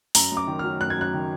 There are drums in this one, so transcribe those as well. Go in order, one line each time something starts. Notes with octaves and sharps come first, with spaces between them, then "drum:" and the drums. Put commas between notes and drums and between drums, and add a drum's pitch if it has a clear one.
F#2 A#5, drum: open hi-hat
F#2
D6
D#3
F#3 F6
F#2 F#6
G#6
F#2 F#6
D#3